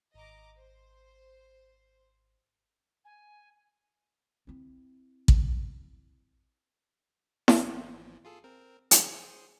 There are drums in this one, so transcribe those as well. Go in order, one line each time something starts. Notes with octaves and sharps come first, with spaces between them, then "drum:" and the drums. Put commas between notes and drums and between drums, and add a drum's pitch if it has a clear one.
G#1 D#5 A#5 D6
C5
G#5
C4 E4
drum: kick
G#1 E3 F3, drum: snare E4
F4 G#4 A4
C4 A#4
G#4 C5, drum: hi-hat